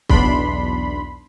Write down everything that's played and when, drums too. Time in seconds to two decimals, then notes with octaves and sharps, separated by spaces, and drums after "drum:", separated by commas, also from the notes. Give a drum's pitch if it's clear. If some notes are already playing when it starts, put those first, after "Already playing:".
0.09 B1 E2 D4 B5 C6, drum: kick